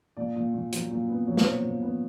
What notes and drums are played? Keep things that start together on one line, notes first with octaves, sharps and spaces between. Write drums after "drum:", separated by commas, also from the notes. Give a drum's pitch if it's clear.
A#2 D5
A#2
A#2
F#3, drum: hi-hat
A#2
B3
F#3 C#5
C5, drum: snare
B3 C#5
A#2
B3